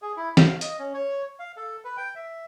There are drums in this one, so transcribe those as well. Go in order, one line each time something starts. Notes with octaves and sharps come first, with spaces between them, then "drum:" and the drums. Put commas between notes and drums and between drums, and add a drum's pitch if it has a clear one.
G#4
E4
F5, drum: snare
D#5, drum: hi-hat
C#4
C#5
F5
A4
B4
G5
E5